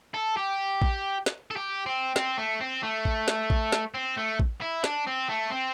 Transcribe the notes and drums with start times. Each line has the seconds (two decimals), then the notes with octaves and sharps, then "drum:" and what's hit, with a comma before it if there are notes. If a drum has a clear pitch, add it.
0.14 A4
0.37 G4
0.82 drum: kick A1
1.26 drum: snare
1.51 A4
1.56 G4
1.86 C4
2.16 C4, drum: snare
2.38 A3
2.60 C4
2.83 A3
3.05 drum: kick A1
3.28 drum: snare
3.50 drum: kick A1
3.72 drum: snare
3.94 C4
4.17 A3
4.40 drum: kick A1
4.62 E4
4.84 D4, drum: snare
5.07 C4
5.29 A3
5.51 C4